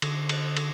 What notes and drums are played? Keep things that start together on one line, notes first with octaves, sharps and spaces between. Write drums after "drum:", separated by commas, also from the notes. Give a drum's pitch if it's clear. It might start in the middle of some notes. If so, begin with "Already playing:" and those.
D3, drum: cymbal
drum: cymbal
drum: cymbal